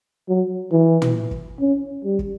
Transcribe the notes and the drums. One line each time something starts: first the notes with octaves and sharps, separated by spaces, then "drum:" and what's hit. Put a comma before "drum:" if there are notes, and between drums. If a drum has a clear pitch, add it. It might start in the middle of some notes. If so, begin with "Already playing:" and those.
F#3
E3
drum: tom
drum: kick
C#4
G3
drum: kick